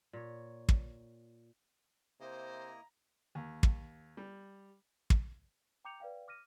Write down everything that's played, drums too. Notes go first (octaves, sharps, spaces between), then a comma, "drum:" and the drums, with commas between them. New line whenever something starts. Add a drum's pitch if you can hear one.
A#2 C#5
drum: kick
C3 A#3 E4 C5 D#5 A#5
D#2
drum: kick
G3
drum: kick
G5 A#5 D6 G6 C#7 F7
B4 D5 F5 G5
D6 F6 A#6 D#7